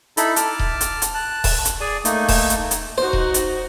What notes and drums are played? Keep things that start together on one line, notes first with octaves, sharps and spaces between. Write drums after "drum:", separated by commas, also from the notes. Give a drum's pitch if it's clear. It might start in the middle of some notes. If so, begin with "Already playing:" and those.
D#4 E4 A4 B5, drum: hi-hat
A5 D6 F6, drum: hi-hat
drum: kick D#1
drum: hi-hat
drum: hi-hat
A5 F#6
drum: kick D#1, open hi-hat
drum: hi-hat
G#4 D5 G#5
A3 A#3 D#4, drum: hi-hat
drum: kick D#1, open hi-hat
drum: hi-hat
drum: hi-hat
D#4 F#4 C5
drum: kick D#1
drum: hi-hat